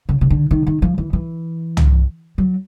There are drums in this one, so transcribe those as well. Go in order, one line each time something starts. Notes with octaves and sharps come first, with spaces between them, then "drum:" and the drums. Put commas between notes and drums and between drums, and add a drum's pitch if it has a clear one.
C#3
C#3
D3
D#3
D#3
F3
E3
E3
drum: tom
F#3